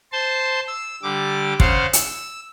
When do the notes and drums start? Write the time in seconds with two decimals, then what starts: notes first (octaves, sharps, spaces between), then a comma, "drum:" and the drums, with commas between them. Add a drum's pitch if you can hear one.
0.12 C5 A5 C6
0.68 E6
1.03 D3 G3 D6
1.60 C#3 C5 F5 F#5, drum: kick
1.93 E6, drum: hi-hat